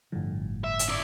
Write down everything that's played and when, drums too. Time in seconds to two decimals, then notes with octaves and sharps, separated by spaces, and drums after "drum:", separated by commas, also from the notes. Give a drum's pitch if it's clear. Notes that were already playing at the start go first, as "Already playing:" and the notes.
0.12 G1 A2 D3 F3 G3
0.64 E5
0.79 drum: hi-hat
0.89 E4 D5